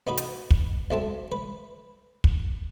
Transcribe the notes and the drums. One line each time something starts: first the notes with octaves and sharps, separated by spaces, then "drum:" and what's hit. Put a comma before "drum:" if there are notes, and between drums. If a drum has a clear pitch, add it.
B3 D#4 F#4 B4
drum: hi-hat
drum: kick
B1 A3 C4 A5
B4
drum: kick